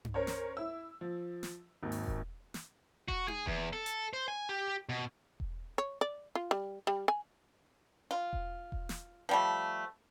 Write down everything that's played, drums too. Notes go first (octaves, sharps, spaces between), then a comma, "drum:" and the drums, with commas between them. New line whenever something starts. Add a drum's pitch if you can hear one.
drum: tom G2
C#4 A#4 C5 C#5
drum: snare
E4 E6
F3
drum: snare
G#1 D#2
drum: open hi-hat
drum: kick E1
drum: snare
F#4, drum: kick E1
G#4, drum: tom D#4
E2, drum: kick E1
A4
drum: hi-hat
C5
G#5
G4
B2
drum: kick E1
C#5
D5
F4
G3
G3
G#5
F4
drum: kick E1
drum: kick E1
drum: snare
F3 G3 A3